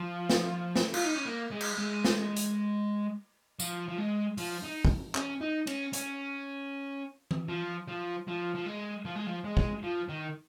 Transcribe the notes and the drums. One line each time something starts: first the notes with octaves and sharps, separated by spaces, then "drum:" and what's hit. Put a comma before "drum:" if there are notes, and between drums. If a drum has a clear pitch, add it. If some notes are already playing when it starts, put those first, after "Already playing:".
Already playing: F3
drum: snare
drum: snare
F4, drum: cymbal
D#4
C#4
A#3
G#3
drum: cymbal
G#3
drum: snare
drum: hi-hat
F3, drum: tambourine
F3
G#3
F3, drum: open hi-hat
D#4
drum: kick
C#4, drum: clap
D#4
C#4, drum: cymbal
C#4, drum: hi-hat
drum: tom E3
F3
F3
F3
F3
G#3
F3
G#3
F3
G#3
drum: kick
F3
D#3